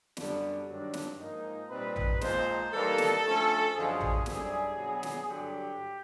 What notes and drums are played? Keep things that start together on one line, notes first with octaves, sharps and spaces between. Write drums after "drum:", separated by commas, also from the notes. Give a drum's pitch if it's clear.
F#2 D3 G3 B3 D4, drum: snare
G2 D#3 F#3 A#3 D4
drum: snare
G#2 F3 A#3 D#4
A#2 G3 C4 D#4 B4
drum: tom A1
A#2 F3 G#3 C4 D#4 C5, drum: snare
E3 G3 A#3 D#4 A4
drum: snare
D3 F3 A3 C#4
F#2 D3 F3 G#3 C#4 G#4
drum: tom A1
F#2 D3 G3 C4 E4 G#4, drum: snare
B2 F#3 B3 D4
drum: snare
G2 D3 F#3 G4